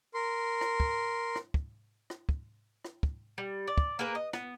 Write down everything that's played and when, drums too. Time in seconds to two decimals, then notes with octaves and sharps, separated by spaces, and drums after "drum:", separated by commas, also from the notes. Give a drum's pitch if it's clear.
0.14 A#4 C6
0.61 drum: rim click
0.80 drum: kick
1.36 drum: rim click
1.54 drum: kick
2.10 drum: rim click
2.29 drum: kick
2.84 drum: rim click
3.03 drum: kick
3.38 G3
3.68 D5
3.78 drum: kick
3.99 A#3 G#4 A#4 B4
4.15 D#5
4.33 B3, drum: rim click